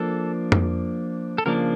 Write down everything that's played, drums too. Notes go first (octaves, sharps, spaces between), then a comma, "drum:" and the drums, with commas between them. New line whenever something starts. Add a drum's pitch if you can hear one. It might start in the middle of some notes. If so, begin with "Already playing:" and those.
Already playing: F3 A#3 D4 A4
drum: tom F2
A4
C#3 F3 A#3 D4 A#4